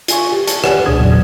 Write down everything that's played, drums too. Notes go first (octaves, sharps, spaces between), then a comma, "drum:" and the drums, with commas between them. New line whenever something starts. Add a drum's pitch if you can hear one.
F4 G#5 C#6, drum: hi-hat
G4
A5, drum: hi-hat
G4 B4 C#5 D5 F#5 G#5, drum: rim click
C#2 B2 D4 G#4 D#6 G#6
A1 E2 A#2 C#3 F#3 D5